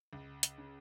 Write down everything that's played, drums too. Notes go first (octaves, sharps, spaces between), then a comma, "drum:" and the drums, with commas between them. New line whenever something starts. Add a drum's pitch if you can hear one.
C#2
drum: hi-hat
C#3